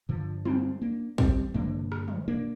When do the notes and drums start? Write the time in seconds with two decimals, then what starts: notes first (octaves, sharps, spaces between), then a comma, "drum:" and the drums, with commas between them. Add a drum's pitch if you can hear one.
0.09 G2 D3 F3
0.45 G3 C4, drum: tom
0.82 A#3 D4
1.18 G3 C4, drum: kick
1.54 G2 D3 A#3 D4, drum: tom
1.92 drum: rim click
2.08 drum: tom
2.28 A#3 D4